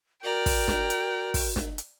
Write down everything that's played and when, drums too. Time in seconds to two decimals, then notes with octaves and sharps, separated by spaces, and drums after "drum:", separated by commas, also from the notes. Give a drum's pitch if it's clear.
0.24 F#4 A#4 D5 G5 A#5
0.46 drum: kick, open hi-hat
0.68 drum: snare
0.90 drum: hi-hat
1.34 drum: kick, open hi-hat
1.56 drum: snare
1.78 drum: hi-hat